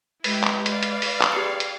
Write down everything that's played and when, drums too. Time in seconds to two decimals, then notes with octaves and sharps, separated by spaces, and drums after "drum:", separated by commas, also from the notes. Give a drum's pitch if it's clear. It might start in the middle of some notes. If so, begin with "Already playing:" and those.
0.24 G#3 E4 G4 B4, drum: open hi-hat
0.44 drum: clap
0.66 D5 F5, drum: hi-hat
0.83 drum: hi-hat
1.02 drum: open hi-hat
1.21 drum: clap
1.32 G4 G#4 C7 C#7
1.60 drum: hi-hat